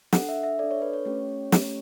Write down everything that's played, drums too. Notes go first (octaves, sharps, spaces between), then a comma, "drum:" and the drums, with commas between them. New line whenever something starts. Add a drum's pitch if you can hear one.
D4 A4 F#5, drum: snare
E5
E5
D4 A4 D5
C#5
B4
C#5
A3 C#4 G4 C#5
A3 C#4 G4, drum: snare